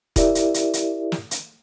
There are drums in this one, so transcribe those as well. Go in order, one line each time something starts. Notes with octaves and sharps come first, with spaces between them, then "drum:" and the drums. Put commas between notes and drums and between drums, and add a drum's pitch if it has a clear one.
E4 G4 A#4 D5 E5, drum: kick, hi-hat
drum: hi-hat
drum: hi-hat
drum: hi-hat
drum: snare
drum: hi-hat